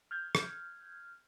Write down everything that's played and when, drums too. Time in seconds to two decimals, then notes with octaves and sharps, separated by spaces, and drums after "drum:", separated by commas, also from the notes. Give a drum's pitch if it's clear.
0.11 F6 G6 G#6
0.35 drum: rim click